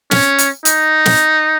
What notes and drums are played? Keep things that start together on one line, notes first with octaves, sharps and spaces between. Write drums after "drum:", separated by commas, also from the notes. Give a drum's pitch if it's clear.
C#4, drum: snare
drum: hi-hat
D#4, drum: hi-hat
drum: snare